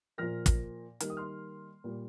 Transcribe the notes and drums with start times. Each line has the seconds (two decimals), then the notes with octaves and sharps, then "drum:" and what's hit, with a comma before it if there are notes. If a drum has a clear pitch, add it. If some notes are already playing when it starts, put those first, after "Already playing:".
0.18 A#2 F3 A#3 F6 A#6
0.46 drum: kick, hi-hat
1.00 D#3 G3 A#3 F6, drum: hi-hat
1.10 D#6
1.17 C6 F6
1.84 A#2 G3 A#3